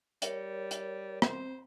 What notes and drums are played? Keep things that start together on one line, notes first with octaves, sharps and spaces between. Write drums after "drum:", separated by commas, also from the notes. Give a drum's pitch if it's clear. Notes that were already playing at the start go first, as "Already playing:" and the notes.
G3 A#4 C#5, drum: hi-hat
drum: hi-hat
C4 C5, drum: rim click